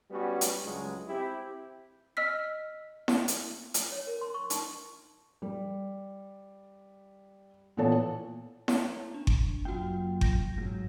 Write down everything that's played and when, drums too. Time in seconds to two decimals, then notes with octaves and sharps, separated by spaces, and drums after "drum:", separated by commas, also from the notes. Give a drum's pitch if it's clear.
0.11 G3 B3 C#4 F#4
0.41 drum: hi-hat
0.63 C#2 G2 F#3 G#3
1.07 C4 E4 G4
2.17 D#5 E6 F6 B6
3.08 drum: snare E4
3.28 drum: hi-hat
3.74 drum: hi-hat
3.92 C#5
4.07 A#4
4.21 C6
4.34 C#6
4.50 D#4, drum: hi-hat
5.42 G3
7.77 A#2 E3 B3 A4 C#5 A5
8.68 C#5 A5 A#5, drum: snare E4
9.14 D4
9.27 drum: kick G1
9.65 F#2 A#3 F4 F#4 G5
10.21 G6 A#6, drum: kick G1
10.58 G#2 F#3